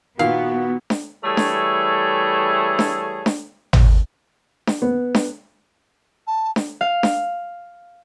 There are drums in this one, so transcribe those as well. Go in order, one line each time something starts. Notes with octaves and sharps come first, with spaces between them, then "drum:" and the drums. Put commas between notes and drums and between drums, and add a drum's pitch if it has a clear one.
A#2 D#3 B3 F#4 F5
drum: snare D4
E3 G3 A3 G#4 A4 C#5
drum: snare D4
drum: snare D4
drum: snare D4
drum: tom G#1
drum: snare D4
B3
drum: snare D4
A5
drum: snare D4
F5
drum: snare D4